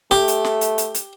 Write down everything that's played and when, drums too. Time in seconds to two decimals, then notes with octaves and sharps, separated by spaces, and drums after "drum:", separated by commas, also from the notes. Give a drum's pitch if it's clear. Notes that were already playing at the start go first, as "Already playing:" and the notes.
0.11 A3 G4, drum: snare
0.28 drum: hi-hat
0.45 drum: snare
0.61 drum: hi-hat
0.78 drum: hi-hat
0.94 drum: hi-hat